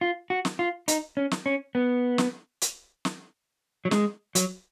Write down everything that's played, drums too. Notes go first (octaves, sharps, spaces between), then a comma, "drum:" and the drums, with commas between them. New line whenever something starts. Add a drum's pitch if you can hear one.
F4
F#4
drum: snare
F4
D#4, drum: hi-hat
C#4
drum: snare
C#4
B3
drum: snare
drum: hi-hat
drum: snare
F#3
G#3, drum: snare
F#3, drum: hi-hat